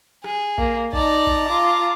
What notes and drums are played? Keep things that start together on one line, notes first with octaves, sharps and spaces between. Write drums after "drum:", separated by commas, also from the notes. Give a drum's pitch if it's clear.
G#4, drum: rim click
A#3, drum: kick A#1
D#4 D5 A5 A#5, drum: kick A#1
drum: kick A#1
F4 D6